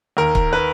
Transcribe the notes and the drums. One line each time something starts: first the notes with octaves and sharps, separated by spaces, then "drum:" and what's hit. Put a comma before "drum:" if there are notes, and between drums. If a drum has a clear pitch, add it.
D#2 A#4
drum: kick C#1
B4